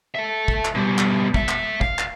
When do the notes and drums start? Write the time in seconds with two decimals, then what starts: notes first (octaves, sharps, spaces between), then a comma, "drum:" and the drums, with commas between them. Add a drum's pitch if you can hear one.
0.15 A4 E5
0.48 drum: kick
0.65 drum: clap
0.75 B2 G3
0.98 drum: clap
1.34 A3 E5, drum: kick
1.48 drum: clap
1.81 F5, drum: kick
1.99 drum: clap